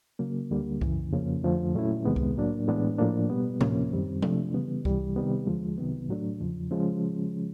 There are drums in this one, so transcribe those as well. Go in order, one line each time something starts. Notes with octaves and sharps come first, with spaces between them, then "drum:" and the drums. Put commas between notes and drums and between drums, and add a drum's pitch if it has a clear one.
C#3 F#3 A#3
D2 D3 G3 A#3
F#2 C#3 E3, drum: kick C2
F2 C#3 F3 A#3 C#4
F2 D3 F3 A3
A#2 F#3 A3 C#4 E4
E2 C3 D#3 G#3 B3
drum: kick C2
A2 F#3 A#3 D4
A2 E3 G#3 B3 D4
A2 F3 A#3 D4
B2 G3 B3
D2 C3 F3 A#3 C#4, drum: tom A2
F#2 D#3 G3 C4
C3 F3 A3 D4, drum: tom F3
C#3 E3 G3 B3
C2 C3 E3 G3, drum: kick C2
C3 D#3 G3 B3
D#2 D3 F3 G#3
C2 C3 D#3 F#3 B3
A2 F#3 A3 D4
E2 C#3 F3
C#3 F3 G#3 C#4